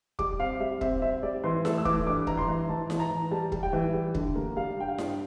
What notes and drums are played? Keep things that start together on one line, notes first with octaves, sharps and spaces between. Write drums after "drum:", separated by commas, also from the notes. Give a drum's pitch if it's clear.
G3 D6, drum: kick
C4 F5
G3 E5
C4 E5, drum: kick
C4 E5
G3 D5
E3 C6
A3 E6, drum: snare E4
E6
E3 D6, drum: kick
G2 D6
E3 A#5, drum: kick
C6
E3
E3 A5
E3, drum: snare E4
A5
A#5
E3
G3 A5
G3, drum: kick
G5
E3
G3
D3, drum: kick
A#3
G3 F5
G2 G5
F5
G2, drum: snare E4